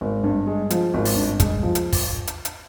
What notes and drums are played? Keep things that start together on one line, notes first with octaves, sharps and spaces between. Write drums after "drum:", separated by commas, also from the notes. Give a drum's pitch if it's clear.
G#1
G2
G#3
F3, drum: hi-hat
G#1
drum: open hi-hat
G2
G#3, drum: kick, hi-hat
F3
drum: hi-hat
drum: kick, open hi-hat
drum: hi-hat
drum: hi-hat